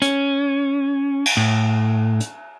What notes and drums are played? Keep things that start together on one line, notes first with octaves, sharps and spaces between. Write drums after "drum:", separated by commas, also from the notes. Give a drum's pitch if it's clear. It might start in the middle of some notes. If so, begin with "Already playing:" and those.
C#4, drum: hi-hat
drum: cymbal
A2
drum: hi-hat